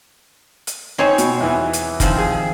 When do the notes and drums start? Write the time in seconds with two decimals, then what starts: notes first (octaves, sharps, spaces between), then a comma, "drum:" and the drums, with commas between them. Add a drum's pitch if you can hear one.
0.67 drum: hi-hat
0.98 C4 D#4 C5 C#5 G#5
1.18 B2, drum: hi-hat
1.41 E2 E3
1.73 drum: hi-hat
2.00 D#3 F3 C4, drum: kick F1, hi-hat
2.18 G#4